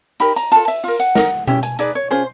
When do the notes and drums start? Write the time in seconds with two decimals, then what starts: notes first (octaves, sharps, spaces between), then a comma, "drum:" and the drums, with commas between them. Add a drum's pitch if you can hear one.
0.20 D#4 G4 A#4 B5, drum: hi-hat
0.36 A#5, drum: hi-hat
0.52 F4 A4 A5, drum: hi-hat
0.68 E5, drum: hi-hat
0.84 F4 A#4, drum: open hi-hat
1.00 F#5, drum: hi-hat
1.15 D#4 F#4 A#4, drum: snare
1.47 C#4 E4 G4, drum: tom B2
1.63 G#5, drum: hi-hat
1.79 D#4 G#4 B4 D5, drum: hi-hat
1.95 C#5
2.11 C#4 F4 G#4 C5